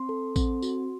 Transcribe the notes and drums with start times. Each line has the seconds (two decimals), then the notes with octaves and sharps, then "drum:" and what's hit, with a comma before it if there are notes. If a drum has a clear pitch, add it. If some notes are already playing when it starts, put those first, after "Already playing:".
Already playing: C4 C6
0.09 A4
0.36 C4, drum: kick A1, tambourine
0.62 F#4, drum: tambourine